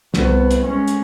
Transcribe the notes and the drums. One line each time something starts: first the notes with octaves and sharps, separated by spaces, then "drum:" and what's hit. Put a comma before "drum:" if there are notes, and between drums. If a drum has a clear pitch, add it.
C2 B3, drum: snare
drum: hi-hat
G#3 C#4
drum: hi-hat